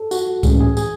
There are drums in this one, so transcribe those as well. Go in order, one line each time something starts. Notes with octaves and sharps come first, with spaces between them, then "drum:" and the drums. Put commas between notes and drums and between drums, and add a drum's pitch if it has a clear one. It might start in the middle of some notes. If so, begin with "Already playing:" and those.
Already playing: A4
F#4, drum: tambourine
A2 E3 G#3 C#4 G#4, drum: kick C#2, tambourine
G#4
G#4, drum: tambourine